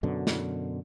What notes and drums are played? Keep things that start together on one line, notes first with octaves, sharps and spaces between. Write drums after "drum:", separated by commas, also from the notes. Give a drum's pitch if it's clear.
F#2 B2 D3
drum: snare